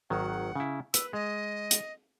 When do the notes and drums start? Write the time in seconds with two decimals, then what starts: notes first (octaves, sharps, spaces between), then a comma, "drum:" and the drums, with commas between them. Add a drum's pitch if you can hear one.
0.10 G#1 D#3 F#3 F#5
0.56 C#3 E4
0.94 B4 E6, drum: hi-hat
1.13 G#3 D#5
1.71 drum: hi-hat